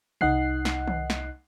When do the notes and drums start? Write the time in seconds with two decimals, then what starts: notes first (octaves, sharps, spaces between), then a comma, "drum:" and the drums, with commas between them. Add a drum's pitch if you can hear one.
0.21 C2 D#4 D#5 F#5 F#6 C7, drum: tom C3
0.65 drum: snare
0.88 drum: tom D#3
1.10 drum: snare